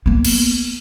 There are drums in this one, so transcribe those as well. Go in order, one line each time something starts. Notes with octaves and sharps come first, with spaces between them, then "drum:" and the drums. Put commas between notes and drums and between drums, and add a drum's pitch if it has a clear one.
A#3 B3
drum: cymbal